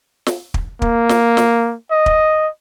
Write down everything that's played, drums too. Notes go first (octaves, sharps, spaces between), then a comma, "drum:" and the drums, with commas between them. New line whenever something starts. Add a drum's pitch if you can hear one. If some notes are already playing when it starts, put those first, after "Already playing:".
drum: snare
drum: kick
A#3, drum: kick
drum: snare
drum: snare
D#5
drum: kick